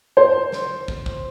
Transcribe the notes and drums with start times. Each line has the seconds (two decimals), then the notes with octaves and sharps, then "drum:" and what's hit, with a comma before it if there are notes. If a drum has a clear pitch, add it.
0.17 C5
0.52 drum: snare
0.88 drum: kick
1.06 drum: kick